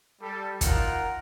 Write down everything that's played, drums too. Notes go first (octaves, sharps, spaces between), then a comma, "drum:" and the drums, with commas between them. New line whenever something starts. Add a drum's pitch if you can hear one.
G3 A4
D#4 F4 A#4 F#5, drum: kick, hi-hat